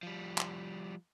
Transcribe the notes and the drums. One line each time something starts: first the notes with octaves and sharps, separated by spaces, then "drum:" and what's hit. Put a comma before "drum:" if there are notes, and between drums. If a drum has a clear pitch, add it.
F3 G3
drum: clap